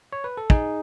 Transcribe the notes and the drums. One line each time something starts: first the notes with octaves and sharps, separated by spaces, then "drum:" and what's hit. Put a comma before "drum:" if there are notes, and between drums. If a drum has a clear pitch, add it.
C#5
B4
A4
D#4 G#4, drum: kick